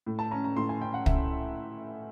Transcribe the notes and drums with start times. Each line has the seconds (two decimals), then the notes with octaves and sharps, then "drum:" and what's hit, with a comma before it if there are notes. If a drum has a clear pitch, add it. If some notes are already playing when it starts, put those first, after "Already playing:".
0.07 A2
0.19 A5
0.31 C#4 A#5
0.44 A#5
0.56 A2 C6
0.69 G#5
0.81 C#4 G5
0.94 F#5
1.06 C#4 E5, drum: kick